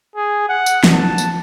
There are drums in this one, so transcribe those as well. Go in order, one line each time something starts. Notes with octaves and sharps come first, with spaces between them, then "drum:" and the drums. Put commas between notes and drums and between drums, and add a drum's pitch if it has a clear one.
G#4
F#5
drum: tambourine
drum: snare
A5
drum: tambourine